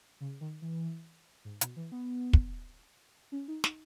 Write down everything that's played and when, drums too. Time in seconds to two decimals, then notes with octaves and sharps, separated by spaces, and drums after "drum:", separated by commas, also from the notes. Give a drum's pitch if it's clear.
0.20 C#3
0.41 D#3
0.62 E3
1.45 G#2
1.61 B2, drum: hi-hat
1.76 E3
1.92 B3
2.33 drum: kick
3.32 C#4
3.48 D#4
3.64 D#4, drum: snare